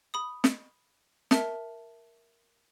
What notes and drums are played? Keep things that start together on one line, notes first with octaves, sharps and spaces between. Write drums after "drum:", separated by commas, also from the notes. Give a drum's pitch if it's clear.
B5 D#6
drum: snare
A#4 E5 A5, drum: snare